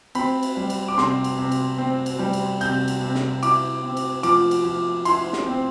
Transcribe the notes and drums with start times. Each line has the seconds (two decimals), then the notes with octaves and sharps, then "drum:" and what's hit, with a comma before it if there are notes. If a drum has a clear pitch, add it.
0.15 C4 B5, drum: cymbal
0.43 drum: cymbal
0.57 G3
0.70 drum: cymbal
0.88 D6
0.98 C3 C6, drum: snare
1.24 drum: cymbal
1.38 C3
1.52 drum: cymbal
1.78 C4
2.06 drum: cymbal
2.19 G3
2.33 drum: cymbal
2.61 C3 G6, drum: cymbal
2.88 drum: cymbal
3.02 C3
3.15 drum: snare
3.43 E4 D6, drum: cymbal
3.84 C4
3.97 drum: cymbal
4.23 F3 D6, drum: cymbal
4.51 drum: cymbal
4.65 F3
5.05 E4 C6, drum: cymbal
5.33 drum: snare
5.46 C4